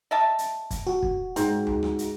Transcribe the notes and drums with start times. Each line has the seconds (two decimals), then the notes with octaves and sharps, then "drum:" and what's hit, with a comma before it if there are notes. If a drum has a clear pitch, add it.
0.11 D#5 E5 A5
0.38 drum: hi-hat
0.71 drum: kick, hi-hat
0.87 F#4, drum: rim click
1.03 drum: kick
1.36 G#2 C4, drum: hi-hat
1.67 drum: tom D2
1.83 drum: rim click
1.99 drum: hi-hat